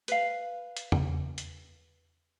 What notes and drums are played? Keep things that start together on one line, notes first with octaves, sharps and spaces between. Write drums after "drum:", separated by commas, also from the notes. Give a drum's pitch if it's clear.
B4 F5, drum: hi-hat
drum: hi-hat
drum: tom
drum: hi-hat